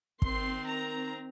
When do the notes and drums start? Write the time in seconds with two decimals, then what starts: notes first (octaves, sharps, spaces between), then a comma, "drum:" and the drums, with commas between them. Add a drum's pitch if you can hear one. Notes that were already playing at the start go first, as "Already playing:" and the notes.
0.22 D#3 C4 C6, drum: kick
0.68 A#5